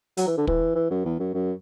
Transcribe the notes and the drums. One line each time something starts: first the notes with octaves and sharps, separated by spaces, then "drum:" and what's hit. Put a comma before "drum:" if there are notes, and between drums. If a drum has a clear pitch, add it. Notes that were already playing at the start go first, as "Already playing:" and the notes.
F#3, drum: hi-hat
E3
D3
E3, drum: kick
E3
F#2
E2
F#2
F#2